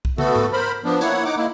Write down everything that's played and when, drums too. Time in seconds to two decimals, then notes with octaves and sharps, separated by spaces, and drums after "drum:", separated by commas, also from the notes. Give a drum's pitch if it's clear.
0.05 drum: kick
0.18 A3 B3 F#4 A4, drum: tom
0.36 drum: tom G#2
0.53 A#4 C5 B5
0.84 F3 B3 D4
1.01 A#3 E4 C#5 F#5, drum: hi-hat
1.25 D#4 F#5 D6
1.37 G#3 A#3 E4